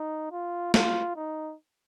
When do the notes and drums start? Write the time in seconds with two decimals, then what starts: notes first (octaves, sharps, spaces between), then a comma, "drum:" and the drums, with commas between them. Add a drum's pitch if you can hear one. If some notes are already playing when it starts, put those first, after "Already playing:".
Already playing: D#4
0.32 F4
0.74 F4, drum: snare
1.16 D#4